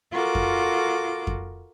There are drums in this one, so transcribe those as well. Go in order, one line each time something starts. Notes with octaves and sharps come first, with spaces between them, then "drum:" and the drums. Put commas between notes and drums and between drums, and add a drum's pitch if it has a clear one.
F4 F#4 A4 A#4 D6
drum: kick F2
drum: kick F2